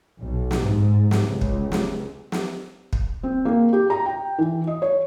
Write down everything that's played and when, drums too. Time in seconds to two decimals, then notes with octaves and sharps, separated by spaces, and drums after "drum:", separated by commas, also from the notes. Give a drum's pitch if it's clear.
0.20 B1
0.51 drum: snare
0.62 G#2
1.11 drum: snare
1.28 C#2
1.41 drum: kick
1.72 drum: snare
2.32 drum: snare
2.93 drum: kick
3.23 C4
3.45 A#3
3.73 G4
3.90 A#5
4.06 G5
4.39 E3
4.67 D#5
4.82 C#5